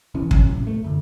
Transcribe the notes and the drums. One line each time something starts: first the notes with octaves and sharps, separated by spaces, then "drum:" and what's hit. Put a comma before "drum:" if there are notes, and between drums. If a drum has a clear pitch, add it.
D#1 C2 E3 C#4
A1 F#3 C#4, drum: kick
A2 C3
A3
F#2 D3